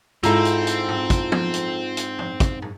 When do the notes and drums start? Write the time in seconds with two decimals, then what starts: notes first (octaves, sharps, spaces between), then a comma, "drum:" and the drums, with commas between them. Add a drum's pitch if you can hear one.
0.23 G#2 C4 E4 F4 A4 A#5 E6, drum: hi-hat
0.45 drum: hi-hat
0.67 drum: hi-hat
0.88 drum: tom
1.10 drum: kick, hi-hat
1.32 drum: tom F3
1.54 drum: hi-hat
1.97 drum: hi-hat
2.19 drum: tom
2.40 drum: kick, hi-hat
2.62 drum: tom